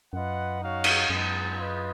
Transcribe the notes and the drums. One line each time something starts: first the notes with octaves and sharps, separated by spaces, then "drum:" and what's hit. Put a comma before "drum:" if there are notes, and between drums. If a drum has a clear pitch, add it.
F#2 F4 B4 D#5 F#5
D#4 F#4 C#5 F5
drum: cymbal
F#2 G#3 B3 D#4
F4 B4 D#5